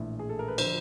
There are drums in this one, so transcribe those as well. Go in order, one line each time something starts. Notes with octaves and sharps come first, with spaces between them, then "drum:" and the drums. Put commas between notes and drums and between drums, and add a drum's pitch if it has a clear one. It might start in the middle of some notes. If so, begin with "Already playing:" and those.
Already playing: A#1 A2 E3
G#4
A4
A#4
B4
D3 F3 C5, drum: cymbal